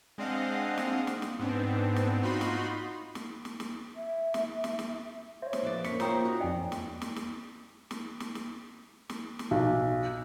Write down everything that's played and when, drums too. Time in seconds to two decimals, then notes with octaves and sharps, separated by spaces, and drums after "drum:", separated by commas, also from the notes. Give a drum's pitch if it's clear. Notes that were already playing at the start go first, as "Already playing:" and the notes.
0.18 G#3 C4 D4 D#5 F5 F#5
0.77 drum: snare
1.07 drum: snare
1.22 drum: snare
1.39 G#2 B3 C4 D4
1.96 drum: snare
2.23 D#4 F4 F#4 B5 C6
2.41 drum: snare
3.15 drum: snare
3.45 drum: snare
3.60 drum: snare
3.96 E5
4.34 drum: snare
4.64 drum: snare
4.79 drum: snare
5.42 C5 C#5 E5
5.53 drum: snare
5.63 F3 B4 D5
5.84 F2 A#3 C#4 C#6 B6 C#7, drum: snare
6.00 A#3 F4 A#4 C5 C#5 G5 A#5 D#6, drum: snare
6.25 C#4 D#4 F#4
6.40 F2 D5 D#5 G5 G#5
6.72 drum: snare
7.01 drum: snare
7.16 drum: snare
7.91 drum: snare
8.20 drum: snare
8.35 drum: snare
9.09 drum: snare
9.39 drum: snare
9.51 B1